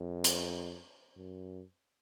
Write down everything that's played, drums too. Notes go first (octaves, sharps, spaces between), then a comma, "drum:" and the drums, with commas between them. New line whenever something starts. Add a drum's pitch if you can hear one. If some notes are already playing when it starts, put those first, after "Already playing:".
Already playing: F2
drum: hi-hat
F#2